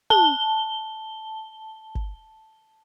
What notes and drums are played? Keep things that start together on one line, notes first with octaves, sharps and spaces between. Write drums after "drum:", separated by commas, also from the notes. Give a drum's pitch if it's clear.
A5 G7, drum: tom
drum: kick G1